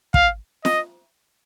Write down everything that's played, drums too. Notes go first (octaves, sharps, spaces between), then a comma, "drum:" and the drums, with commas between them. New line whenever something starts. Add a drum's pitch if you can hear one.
F5, drum: kick
D#5, drum: snare